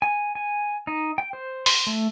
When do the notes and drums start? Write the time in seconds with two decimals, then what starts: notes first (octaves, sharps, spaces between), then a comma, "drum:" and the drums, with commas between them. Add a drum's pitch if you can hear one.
0.02 G#5
0.35 G#5
0.87 D#4
1.18 G5
1.33 C5
1.66 C6, drum: open hi-hat
1.87 A3